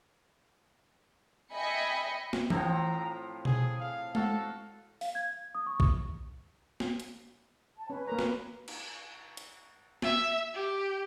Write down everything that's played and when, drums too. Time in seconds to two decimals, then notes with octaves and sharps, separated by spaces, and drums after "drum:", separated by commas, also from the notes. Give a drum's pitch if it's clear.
1.53 D#5 E5 G5 G#5 B5 C#7
2.33 drum: snare
2.50 A2 F3 C4 A#5, drum: tom E3
3.45 G#4, drum: tom B2
3.80 F5
4.15 F#4 A4 F5, drum: tom G#3
5.01 F5, drum: open hi-hat
5.15 G#6
5.55 D#6
5.66 C#6
5.80 drum: kick
6.80 drum: snare
7.00 drum: hi-hat
7.77 A5
7.90 C#4 B4
8.07 A#3 A#4 A#5
8.19 drum: snare
8.68 drum: cymbal
9.37 drum: hi-hat
10.02 E5, drum: snare
10.54 G4